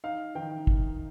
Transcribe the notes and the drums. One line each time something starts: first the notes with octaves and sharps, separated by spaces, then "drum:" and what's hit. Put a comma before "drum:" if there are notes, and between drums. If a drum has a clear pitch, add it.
D#4 F5
D#3 G5
drum: kick